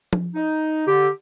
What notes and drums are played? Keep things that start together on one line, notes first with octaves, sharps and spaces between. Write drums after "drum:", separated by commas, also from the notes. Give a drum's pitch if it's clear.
drum: tom F3
D#4
D3 G4